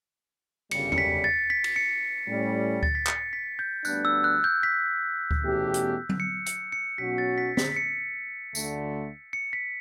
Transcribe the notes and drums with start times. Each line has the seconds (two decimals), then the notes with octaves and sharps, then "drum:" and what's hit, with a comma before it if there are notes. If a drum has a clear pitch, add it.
0.71 G1 F#2 C#3 G3 C#7, drum: cymbal
0.92 C#7, drum: tom E2
0.98 B6
1.24 A6
1.50 B6
1.64 drum: cymbal
1.76 C#7
2.28 A2 G3 C#4
2.83 A6, drum: kick D2
2.95 B6
3.07 C#7, drum: clap
3.33 B6
3.59 G6
3.85 D2 D3 G3 B3 D4 F#6, drum: tambourine
4.05 E6
4.24 F#6
4.44 G6
4.63 B6
5.31 drum: kick D2
5.42 E2 B2 A3 C#4 G4
5.74 drum: hi-hat
6.09 drum: tom F#3
6.20 C#7
6.46 C#7, drum: hi-hat
6.72 C#7
6.98 B1 B2 F#3 C#4 F#4 B6
7.18 A6
7.38 B6
7.57 B6, drum: snare
7.72 B6
7.76 C#7
8.55 D2 D3 A3, drum: tambourine
9.33 C#7
9.53 B6